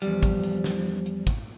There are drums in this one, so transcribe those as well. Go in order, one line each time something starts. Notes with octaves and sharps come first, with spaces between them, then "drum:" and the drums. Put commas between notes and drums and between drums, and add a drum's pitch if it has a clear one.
E2 F3 G3, drum: hi-hat
drum: kick, hi-hat
drum: hi-hat
drum: snare
drum: hi-hat
drum: kick, hi-hat